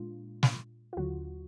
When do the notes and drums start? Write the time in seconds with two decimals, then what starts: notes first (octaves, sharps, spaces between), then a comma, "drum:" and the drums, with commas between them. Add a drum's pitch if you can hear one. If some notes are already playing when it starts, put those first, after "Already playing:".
Already playing: A#2 G#3 D4 F4
0.43 drum: snare
0.93 F4
0.97 D#2 D3 F#3 F#4